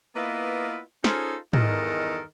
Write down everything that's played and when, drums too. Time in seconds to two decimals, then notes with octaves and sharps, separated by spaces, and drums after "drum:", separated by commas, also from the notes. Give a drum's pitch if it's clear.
0.15 A#3 B3 E4 F4 B4 D#5
1.04 C#4 D#4 F4 G#4 A4 C5, drum: snare
1.53 E2 G2 D#3 A4 A#4 D#5, drum: tom